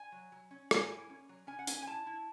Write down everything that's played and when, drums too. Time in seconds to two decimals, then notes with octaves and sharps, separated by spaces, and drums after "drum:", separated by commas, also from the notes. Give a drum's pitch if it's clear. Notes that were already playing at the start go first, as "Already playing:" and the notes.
Already playing: G#5
0.12 F#3
0.32 F#3
0.51 C#4
0.71 E4 G#5, drum: rim click
0.90 E4
1.10 C#4
1.29 F#3
1.47 C#4 G#5
1.59 F#5
1.67 C#4 G#5, drum: hi-hat
1.82 G#5
1.87 E4 A5
2.07 E4